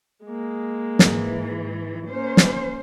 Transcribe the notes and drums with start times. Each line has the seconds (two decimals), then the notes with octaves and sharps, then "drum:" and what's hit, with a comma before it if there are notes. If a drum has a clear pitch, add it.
0.25 G#3 A#3
0.99 G#2 E3, drum: snare
2.10 A#3 C#4 C5
2.37 drum: snare